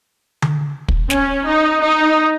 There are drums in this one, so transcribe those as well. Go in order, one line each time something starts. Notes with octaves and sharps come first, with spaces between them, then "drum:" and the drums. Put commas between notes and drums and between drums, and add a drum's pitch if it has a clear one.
drum: tom D3
drum: kick
C#4, drum: snare
D#4
D#4